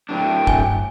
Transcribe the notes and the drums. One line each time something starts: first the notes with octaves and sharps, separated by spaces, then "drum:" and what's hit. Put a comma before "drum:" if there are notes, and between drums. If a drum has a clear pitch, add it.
A2 F#3 D4 G5
G2 G#5, drum: kick